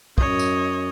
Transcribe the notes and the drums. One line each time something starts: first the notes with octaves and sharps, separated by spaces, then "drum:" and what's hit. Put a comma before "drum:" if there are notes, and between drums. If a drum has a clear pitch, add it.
F#2 C#5 D#5, drum: kick
drum: tambourine